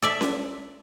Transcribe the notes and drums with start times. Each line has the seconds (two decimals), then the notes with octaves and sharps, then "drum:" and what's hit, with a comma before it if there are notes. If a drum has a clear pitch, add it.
0.02 A4 D5 E5
0.21 drum: snare C#4